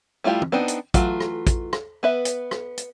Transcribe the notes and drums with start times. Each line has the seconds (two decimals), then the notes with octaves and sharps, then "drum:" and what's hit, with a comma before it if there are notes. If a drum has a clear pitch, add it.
0.24 G3 A3 E4 F4 G4
0.42 drum: tom
0.52 B3 C4 D4 D#4
0.68 drum: hi-hat
0.94 E3 F#3 A3 F4, drum: kick, hi-hat
1.20 drum: rim click
1.47 drum: kick, hi-hat
1.73 drum: rim click
2.03 B3 B4 E5
2.25 drum: hi-hat
2.51 drum: rim click
2.78 drum: hi-hat